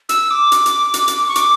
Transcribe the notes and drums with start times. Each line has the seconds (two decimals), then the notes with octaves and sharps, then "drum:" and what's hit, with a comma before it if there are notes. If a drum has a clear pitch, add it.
0.09 E6, drum: hi-hat
0.31 D6
0.52 drum: hi-hat
0.66 drum: hi-hat
0.94 drum: hi-hat
1.08 drum: hi-hat
1.28 C#6
1.36 D6, drum: hi-hat